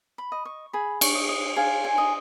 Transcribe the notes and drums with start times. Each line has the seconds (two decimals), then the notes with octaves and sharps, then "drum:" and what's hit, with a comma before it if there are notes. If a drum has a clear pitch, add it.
0.18 B5
0.32 D#5
0.45 C#6
0.73 G#4 B5
1.01 C#6, drum: cymbal
1.15 D#5
1.29 D#5
1.57 G#4 F5
1.84 G#5
1.98 D#5